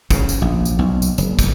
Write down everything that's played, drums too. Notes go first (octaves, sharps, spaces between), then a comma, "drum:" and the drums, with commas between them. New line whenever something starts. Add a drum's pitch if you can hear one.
C#3, drum: kick, tambourine
drum: tambourine
A#1
drum: tambourine
B1
drum: tambourine
F#1, drum: tambourine
drum: kick, tambourine